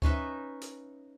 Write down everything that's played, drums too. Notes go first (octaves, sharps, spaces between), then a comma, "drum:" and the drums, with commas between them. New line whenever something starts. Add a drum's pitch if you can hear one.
C#4 D#4 B4 E5, drum: kick D2
drum: hi-hat